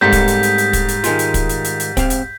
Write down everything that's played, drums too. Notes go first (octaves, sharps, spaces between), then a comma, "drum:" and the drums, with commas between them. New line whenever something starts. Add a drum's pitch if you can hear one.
G#2 G3 A3 A#3 C4 G6 B6
drum: kick, hi-hat
drum: hi-hat
drum: hi-hat
drum: hi-hat
drum: kick, hi-hat
drum: hi-hat
D#3 G#3 F4, drum: hi-hat
drum: hi-hat
drum: kick, hi-hat
drum: hi-hat
drum: hi-hat
drum: hi-hat
C4 F5, drum: kick, hi-hat
drum: hi-hat